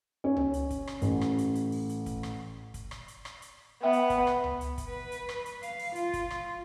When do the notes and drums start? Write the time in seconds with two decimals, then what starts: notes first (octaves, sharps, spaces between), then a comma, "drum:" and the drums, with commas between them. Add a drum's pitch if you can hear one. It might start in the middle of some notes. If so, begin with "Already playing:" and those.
0.24 C#4
0.37 drum: tom C#2
0.54 drum: hi-hat
0.70 drum: kick, hi-hat
0.87 drum: rim click
1.02 A1, drum: hi-hat
1.21 drum: rim click
1.38 drum: hi-hat
1.55 drum: hi-hat
1.72 drum: open hi-hat
1.89 drum: hi-hat
2.06 drum: kick, hi-hat
2.23 drum: rim click
2.74 drum: kick, hi-hat
2.91 drum: rim click
3.08 drum: hi-hat
3.25 drum: rim click
3.42 drum: hi-hat
3.83 B3 E5 G5
3.93 drum: hi-hat
4.10 drum: kick, hi-hat
4.27 drum: rim click
4.44 drum: tom C#2
4.61 drum: hi-hat
4.78 drum: kick, hi-hat
4.89 B4
5.12 drum: hi-hat
5.29 drum: rim click
5.46 drum: hi-hat
5.63 F5, drum: hi-hat
5.80 drum: open hi-hat
5.95 F4, drum: hi-hat
6.13 drum: kick, hi-hat
6.30 drum: rim click